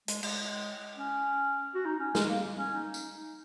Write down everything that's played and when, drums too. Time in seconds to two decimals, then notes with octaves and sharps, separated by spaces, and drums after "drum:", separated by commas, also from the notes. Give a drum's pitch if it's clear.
0.08 G#3, drum: hi-hat
0.23 G#3, drum: cymbal
0.96 C#4
1.75 F#4
1.85 D#4
2.00 C#4
2.15 G#3, drum: snare
2.29 A#3
2.59 C#4
2.74 D#4
2.94 drum: tambourine